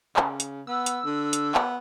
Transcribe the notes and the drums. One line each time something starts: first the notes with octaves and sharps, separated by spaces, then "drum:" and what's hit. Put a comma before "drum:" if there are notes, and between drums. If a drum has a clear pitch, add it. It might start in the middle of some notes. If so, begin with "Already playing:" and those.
C#3, drum: clap
drum: hi-hat
B3 E6
drum: hi-hat
D3
drum: hi-hat
B3, drum: clap